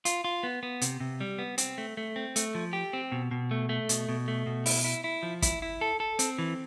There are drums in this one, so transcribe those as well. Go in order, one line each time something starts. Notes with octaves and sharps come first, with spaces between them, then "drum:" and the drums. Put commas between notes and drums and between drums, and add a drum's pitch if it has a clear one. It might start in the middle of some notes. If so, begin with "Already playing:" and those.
F4, drum: hi-hat
F4
B3
B3
C3, drum: hi-hat
C3
G3
B3
C4, drum: hi-hat
A3
A3
C4
A3, drum: hi-hat
F3
G4
C4
B2
B2
A3
A3
B2, drum: hi-hat
B2
A3
B2
E4, drum: open hi-hat
E4
E4
F3
E4, drum: kick, hi-hat
E4
A4
A4
C4, drum: hi-hat
E3